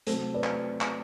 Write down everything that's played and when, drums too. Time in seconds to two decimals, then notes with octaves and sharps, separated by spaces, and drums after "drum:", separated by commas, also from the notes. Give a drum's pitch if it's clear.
0.07 C3 F#3 A3 C4 A4 C5, drum: hi-hat
0.34 B4 D5
0.44 drum: clap
0.81 drum: clap